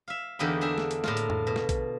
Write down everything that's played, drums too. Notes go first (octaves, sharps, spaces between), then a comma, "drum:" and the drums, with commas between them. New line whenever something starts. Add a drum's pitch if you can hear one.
E5 F5
E2 D3 A#3 D#4 G4 B5
D4 G#4 E5
drum: snare
drum: hi-hat
A2 A#3 F4, drum: snare
drum: hi-hat
drum: tom F2
B2
drum: snare
drum: kick, hi-hat